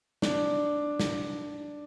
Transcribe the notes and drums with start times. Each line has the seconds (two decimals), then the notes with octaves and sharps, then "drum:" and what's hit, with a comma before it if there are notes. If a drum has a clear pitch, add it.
0.22 D4, drum: snare
1.00 drum: snare